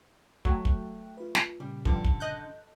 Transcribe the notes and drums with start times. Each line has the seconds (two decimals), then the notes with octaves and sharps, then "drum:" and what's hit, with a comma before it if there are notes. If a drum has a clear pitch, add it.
0.45 F#3 A3 G5 F#6, drum: kick
0.65 drum: kick
1.17 F4 B4
1.35 drum: snare
1.60 A#2 C#3 G3
1.85 G2 D3 F3, drum: kick
2.04 drum: kick
2.20 D#5 F#6 G6